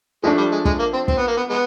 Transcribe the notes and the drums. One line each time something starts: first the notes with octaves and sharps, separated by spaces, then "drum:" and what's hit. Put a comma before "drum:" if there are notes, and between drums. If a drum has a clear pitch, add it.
F3 G#3 A3 D4
G3
G#3
G#3, drum: kick
A#3
C4
C4, drum: kick
B3
A#3
B3
G#3 B3